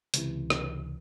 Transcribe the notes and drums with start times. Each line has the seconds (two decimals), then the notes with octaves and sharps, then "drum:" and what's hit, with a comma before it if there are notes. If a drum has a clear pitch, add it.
0.14 C#2 C3 E3, drum: hi-hat
0.50 drum: rim click